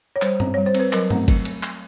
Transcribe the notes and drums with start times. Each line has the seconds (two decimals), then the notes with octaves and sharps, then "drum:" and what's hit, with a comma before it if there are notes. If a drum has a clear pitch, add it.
0.16 C#5
0.22 G3 C5, drum: clap
0.40 C4, drum: tom G2
0.54 G3 C#5
0.66 C5
0.75 C4 B4, drum: cymbal
0.93 F#3 A#4, drum: clap
1.10 A3 C4, drum: tom G2
1.28 F#3, drum: kick, cymbal
1.45 drum: cymbal
1.63 drum: clap